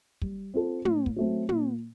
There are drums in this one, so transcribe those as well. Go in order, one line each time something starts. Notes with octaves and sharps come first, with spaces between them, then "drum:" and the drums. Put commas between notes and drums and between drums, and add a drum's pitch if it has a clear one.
G3, drum: kick
C4 F4 A4
A2, drum: tom
drum: kick
F#3 A3 C4
A#2, drum: tom